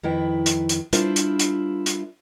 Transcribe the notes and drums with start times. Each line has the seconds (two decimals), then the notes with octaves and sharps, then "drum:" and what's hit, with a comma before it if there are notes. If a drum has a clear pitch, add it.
0.03 F2 D#3 E4 B4 G5
0.46 drum: hi-hat
0.69 drum: hi-hat
0.93 G3 D4 E4 F4 A#4 C5, drum: hi-hat
1.16 drum: hi-hat
1.39 drum: hi-hat
1.86 drum: hi-hat